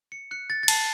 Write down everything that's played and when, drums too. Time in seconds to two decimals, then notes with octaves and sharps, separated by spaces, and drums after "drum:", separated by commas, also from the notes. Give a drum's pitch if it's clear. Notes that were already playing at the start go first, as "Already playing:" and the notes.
0.12 C#7
0.31 F#6 C#7
0.50 A6
0.63 A6
0.68 A5 C7, drum: cymbal